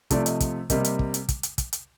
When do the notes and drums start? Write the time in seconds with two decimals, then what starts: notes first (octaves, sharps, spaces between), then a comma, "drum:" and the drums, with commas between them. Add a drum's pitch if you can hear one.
0.10 C3 F3 A3 D5, drum: kick, hi-hat
0.26 D#5, drum: hi-hat
0.40 drum: kick, hi-hat
0.70 C3 G3 A#3 D#5, drum: kick, hi-hat
0.84 drum: hi-hat
0.99 drum: kick
1.14 drum: hi-hat
1.29 drum: kick, hi-hat
1.43 drum: hi-hat
1.58 drum: kick, hi-hat
1.73 drum: hi-hat